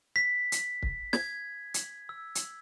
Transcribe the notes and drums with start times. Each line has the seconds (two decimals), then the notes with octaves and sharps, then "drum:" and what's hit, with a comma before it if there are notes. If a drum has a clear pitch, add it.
0.16 B6
0.52 drum: hi-hat
0.83 drum: kick
1.13 G#6, drum: snare
1.74 drum: hi-hat
2.09 E6
2.35 drum: hi-hat